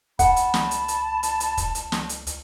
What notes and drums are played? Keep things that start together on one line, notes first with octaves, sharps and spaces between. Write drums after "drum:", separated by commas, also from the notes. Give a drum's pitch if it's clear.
C#2 F#5 A5 B5, drum: kick, hi-hat
drum: hi-hat
drum: snare
drum: hi-hat
drum: hi-hat
drum: hi-hat
drum: hi-hat
drum: kick, hi-hat
drum: hi-hat
drum: snare
drum: hi-hat
drum: hi-hat